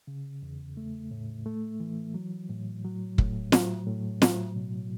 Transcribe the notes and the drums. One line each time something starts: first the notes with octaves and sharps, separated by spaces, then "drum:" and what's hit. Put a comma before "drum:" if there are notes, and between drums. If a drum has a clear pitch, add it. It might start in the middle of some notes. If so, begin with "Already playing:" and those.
C#3
E2
A3
A2
A3
E3
F#3
A2
F#3
A2, drum: kick
F#3, drum: snare
A2
F#3, drum: snare
B2